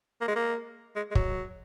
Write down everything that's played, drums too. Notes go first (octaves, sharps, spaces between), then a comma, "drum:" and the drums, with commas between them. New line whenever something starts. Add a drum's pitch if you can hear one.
A#3
G#3
A#3
G#3
G#3
F#3, drum: kick